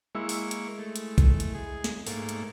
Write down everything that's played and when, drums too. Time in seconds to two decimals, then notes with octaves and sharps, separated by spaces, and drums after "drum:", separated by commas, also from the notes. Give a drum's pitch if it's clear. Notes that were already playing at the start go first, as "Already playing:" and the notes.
0.15 G#3 A#3 E4 C#6 E6
0.29 drum: open hi-hat
0.51 drum: hi-hat
0.79 A3
0.96 drum: hi-hat
1.18 drum: kick B1, hi-hat
1.40 drum: hi-hat
1.55 G#4
1.84 drum: snare
2.07 G#2 A3 A#3, drum: open hi-hat
2.29 drum: hi-hat